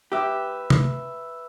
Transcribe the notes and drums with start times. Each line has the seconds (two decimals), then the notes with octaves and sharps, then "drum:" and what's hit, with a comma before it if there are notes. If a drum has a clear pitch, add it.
0.12 G4 B4 E5
0.70 drum: tom